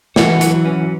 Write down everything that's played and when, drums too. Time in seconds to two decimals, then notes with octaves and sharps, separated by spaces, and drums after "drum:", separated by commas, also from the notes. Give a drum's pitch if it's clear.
0.16 E3 F#4, drum: snare
0.41 F#3, drum: hi-hat
0.65 C#4